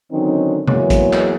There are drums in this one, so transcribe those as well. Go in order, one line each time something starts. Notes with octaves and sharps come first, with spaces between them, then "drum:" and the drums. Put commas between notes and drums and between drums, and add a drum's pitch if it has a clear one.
D3 D#3 F#3 C4 C#4 D#4
E2 F#3 G#3 A#3 B3 C#5, drum: tom C3
drum: kick A1, hi-hat
drum: clap